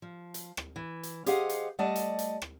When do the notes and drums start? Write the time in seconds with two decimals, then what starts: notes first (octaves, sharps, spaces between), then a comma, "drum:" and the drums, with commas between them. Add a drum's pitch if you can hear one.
0.02 F3
0.34 drum: hi-hat
0.57 drum: rim click
0.76 E3
1.03 drum: hi-hat
1.26 G4 G#4 C5 D#5 F5 F#5, drum: hi-hat
1.49 drum: hi-hat
1.79 G3 A3 D5 D#5 F#5 A5
1.96 drum: hi-hat
2.19 drum: hi-hat
2.42 drum: rim click